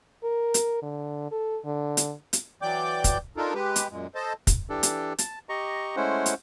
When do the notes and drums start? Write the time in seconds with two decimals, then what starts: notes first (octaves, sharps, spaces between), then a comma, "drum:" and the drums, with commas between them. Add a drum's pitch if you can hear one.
0.24 A#4
0.54 drum: hi-hat
0.82 D3
1.32 A4
1.64 D3
1.97 drum: hi-hat
2.33 drum: hi-hat
2.62 E3 F#3 D5 G5 D6 G6
3.04 drum: kick, hi-hat
3.37 D4 D#4 F4 A4 A#4
3.54 G#3 G4 B4
3.76 drum: hi-hat
3.90 F#2 A#2 G#3
4.15 A4 C5 D#5 A5
4.47 drum: kick, hi-hat
4.70 E3 D4 G4 A4
4.83 drum: hi-hat
5.18 A5, drum: hi-hat
5.49 G4 D#5 A#5 C#6
5.96 G#3 A3 C#4 E4 C5 F#5
6.26 drum: hi-hat